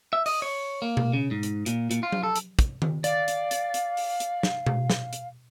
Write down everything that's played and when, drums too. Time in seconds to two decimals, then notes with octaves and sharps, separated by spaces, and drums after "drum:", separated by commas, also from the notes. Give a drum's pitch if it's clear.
0.13 E5
0.26 D#5, drum: open hi-hat
0.42 C#5
0.82 A#3
0.97 drum: tom B2
1.13 C#3
1.31 G#2
1.43 drum: hi-hat
1.66 A#2, drum: hi-hat
1.91 A#2, drum: hi-hat
2.03 F4
2.12 drum: tom F#3
2.23 A4
2.36 drum: hi-hat
2.59 drum: kick, hi-hat
2.82 drum: tom D#3
3.04 D5 F5, drum: hi-hat
3.28 drum: hi-hat
3.51 drum: hi-hat
3.74 drum: hi-hat
3.97 drum: open hi-hat
4.20 drum: hi-hat
4.43 drum: snare
4.66 drum: tom B2
4.90 drum: snare
5.13 drum: hi-hat